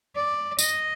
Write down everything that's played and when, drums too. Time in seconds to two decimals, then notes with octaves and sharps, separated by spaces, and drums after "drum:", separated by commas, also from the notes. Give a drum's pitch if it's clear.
0.15 D5
0.59 D#5, drum: tambourine